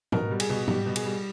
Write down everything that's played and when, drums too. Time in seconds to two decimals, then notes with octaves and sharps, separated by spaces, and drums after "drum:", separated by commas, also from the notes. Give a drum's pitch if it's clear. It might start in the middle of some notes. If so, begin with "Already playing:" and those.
0.12 B2 A#4, drum: tom
0.31 G3
0.40 G#4, drum: cymbal
0.49 B2
0.68 G3 G4, drum: tom
0.86 B2
0.96 G#4, drum: cymbal
1.05 G3